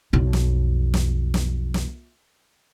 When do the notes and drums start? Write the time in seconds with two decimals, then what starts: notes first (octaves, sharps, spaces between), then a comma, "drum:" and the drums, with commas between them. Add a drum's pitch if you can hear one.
0.13 B1 F2
0.33 drum: snare
0.94 drum: snare
1.34 drum: snare
1.74 drum: snare